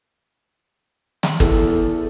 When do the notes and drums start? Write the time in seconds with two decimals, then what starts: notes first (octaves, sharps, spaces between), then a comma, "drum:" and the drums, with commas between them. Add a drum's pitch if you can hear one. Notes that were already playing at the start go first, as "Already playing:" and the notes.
1.23 drum: snare
1.40 E2 A4, drum: kick G1